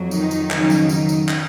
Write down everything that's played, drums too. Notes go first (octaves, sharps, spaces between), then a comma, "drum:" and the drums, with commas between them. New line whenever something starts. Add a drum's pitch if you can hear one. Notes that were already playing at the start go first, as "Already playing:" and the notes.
Already playing: F2 F#3
D#3 D#4, drum: tambourine
drum: tambourine
F2 C#3 F#3, drum: clap
drum: tambourine
drum: tambourine
drum: tambourine
drum: clap